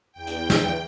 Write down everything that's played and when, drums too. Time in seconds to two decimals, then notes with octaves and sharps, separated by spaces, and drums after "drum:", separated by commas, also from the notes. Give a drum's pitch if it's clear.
0.12 E2 G5
0.27 drum: hi-hat
0.50 drum: snare